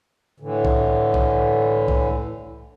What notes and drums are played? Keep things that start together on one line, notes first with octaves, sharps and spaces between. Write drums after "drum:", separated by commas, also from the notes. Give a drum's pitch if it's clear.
A2 D3 E3
drum: kick B1
drum: kick B1
drum: kick B1